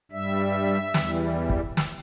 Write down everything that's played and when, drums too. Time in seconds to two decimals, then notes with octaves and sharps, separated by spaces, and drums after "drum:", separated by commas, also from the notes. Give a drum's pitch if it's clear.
0.12 G2 G3 E5
0.94 E2 E3 G3, drum: snare
1.50 drum: kick
1.77 drum: snare